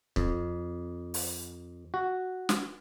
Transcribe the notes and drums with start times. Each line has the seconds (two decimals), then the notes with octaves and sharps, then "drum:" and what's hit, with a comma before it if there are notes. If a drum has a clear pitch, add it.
0.16 F2, drum: kick
1.14 drum: open hi-hat
1.94 F#4
2.49 drum: snare